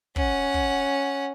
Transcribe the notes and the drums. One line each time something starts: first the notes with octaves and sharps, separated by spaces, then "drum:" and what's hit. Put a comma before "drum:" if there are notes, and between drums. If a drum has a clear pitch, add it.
C#4 F#5, drum: kick
drum: kick